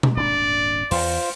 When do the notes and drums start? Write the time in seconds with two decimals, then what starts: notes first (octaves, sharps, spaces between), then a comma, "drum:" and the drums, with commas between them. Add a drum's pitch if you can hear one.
0.03 drum: tom B2
0.17 D#1 G#1 D4 D5
0.91 E2 F4 C5, drum: open hi-hat